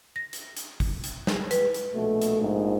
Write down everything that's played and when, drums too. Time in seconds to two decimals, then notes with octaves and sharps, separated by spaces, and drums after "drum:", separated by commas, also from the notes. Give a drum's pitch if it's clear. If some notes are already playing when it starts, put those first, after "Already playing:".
0.16 A#6
0.33 drum: hi-hat
0.57 drum: hi-hat
0.80 drum: kick, open hi-hat
1.04 drum: hi-hat
1.27 drum: snare
1.51 B4, drum: hi-hat
1.74 drum: hi-hat
1.94 A#1 B2 A3
2.22 drum: hi-hat
2.40 A#1 G#2